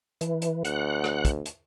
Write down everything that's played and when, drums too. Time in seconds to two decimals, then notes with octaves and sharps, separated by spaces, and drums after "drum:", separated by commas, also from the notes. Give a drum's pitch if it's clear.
0.21 E3, drum: hi-hat
0.42 drum: hi-hat
0.65 D2 F#5 F#6, drum: hi-hat
1.04 drum: rim click
1.25 drum: kick, hi-hat
1.46 drum: hi-hat